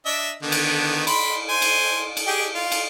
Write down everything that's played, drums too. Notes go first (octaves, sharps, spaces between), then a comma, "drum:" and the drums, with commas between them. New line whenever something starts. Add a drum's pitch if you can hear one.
D4 D#5 E5
D3 D#3 B3
drum: cymbal
B5 C6, drum: cymbal
C5 G#5 C6
drum: cymbal
drum: cymbal
G4 G#4 G5
F4
drum: cymbal